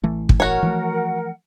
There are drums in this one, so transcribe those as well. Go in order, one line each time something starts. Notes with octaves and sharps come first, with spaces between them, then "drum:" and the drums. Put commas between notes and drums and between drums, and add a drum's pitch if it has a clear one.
A1 E3 A3
drum: kick
F#4 A#4 C#5 F#5
E3 F3 A3